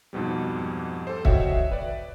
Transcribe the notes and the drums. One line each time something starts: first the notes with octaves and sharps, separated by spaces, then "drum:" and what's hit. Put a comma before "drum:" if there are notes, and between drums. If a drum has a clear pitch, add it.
F2 G#2 B2 G3
A4 C5
F#4 C#5 D#5 E5 G5, drum: kick C#1
B4 D5